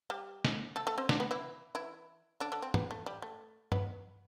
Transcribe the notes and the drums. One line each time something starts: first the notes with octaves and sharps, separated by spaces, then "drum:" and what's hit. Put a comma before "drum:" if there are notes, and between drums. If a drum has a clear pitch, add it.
G3 G4
drum: snare
A3 A4
A3 A4
C4 C5
D4 D5, drum: snare
B3 B4
E3 E4
E3 E4
D3 D4
D3 D4
C4
B3, drum: tom
A3
G3
A3
B3, drum: tom